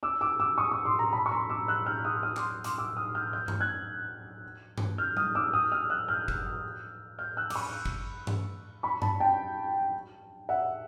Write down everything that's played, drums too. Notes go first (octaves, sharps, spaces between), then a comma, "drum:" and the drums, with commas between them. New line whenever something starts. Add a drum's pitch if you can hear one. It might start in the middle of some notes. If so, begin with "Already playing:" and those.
D6 E6
D6 E6
D6 E6
C#6 D#6
C#6 D#6
C6 D6
A#5 C6
A5 B5
C#6
A#5 C6
D6 E6
E6 F#6
F6 G6
D#6 F6
D#6 F6
C6 D6, drum: clap
C6 D6, drum: hi-hat
D6 E6
D#6 F6
F6 G6
F6 G6
drum: tom G2
F#6 G#6
drum: tom G2
F6 G6
D#6 F6, drum: tom G3
D6 E6
D#6 F6
D#6 F6
E6 F#6
F6 G6
drum: kick
F6 G6
E6 F#6
D6, drum: cymbal
B5 C#6
drum: kick
drum: tom G2
B5 C#6
A5 B5, drum: tom G2
G5 A5
E5 F#5